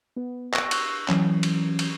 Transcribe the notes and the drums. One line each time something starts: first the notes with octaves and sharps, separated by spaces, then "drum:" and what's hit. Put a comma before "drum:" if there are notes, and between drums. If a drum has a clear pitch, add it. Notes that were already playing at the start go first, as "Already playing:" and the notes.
B3
C#6 E6 F#6 A#6, drum: clap
drum: cymbal
E3 F#3 C#4, drum: clap
drum: cymbal
drum: cymbal